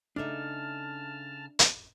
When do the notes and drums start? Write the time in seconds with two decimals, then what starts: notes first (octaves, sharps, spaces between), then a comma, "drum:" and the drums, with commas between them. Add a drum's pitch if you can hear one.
0.16 C#3 A3 D4 D#4 E5 A5 F6
1.59 drum: hi-hat